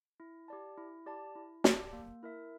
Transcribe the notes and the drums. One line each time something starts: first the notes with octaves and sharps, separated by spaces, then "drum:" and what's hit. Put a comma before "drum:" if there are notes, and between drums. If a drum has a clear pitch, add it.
E4
G4 D5 A5
E4
G4 D5 A5
E4
G4 D5 A5, drum: snare
A#3
E4 A#4 E5